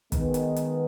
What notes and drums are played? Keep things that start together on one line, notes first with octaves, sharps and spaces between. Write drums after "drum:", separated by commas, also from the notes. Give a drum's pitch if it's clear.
D#3 G#3 B3, drum: kick, hi-hat
drum: hi-hat
drum: hi-hat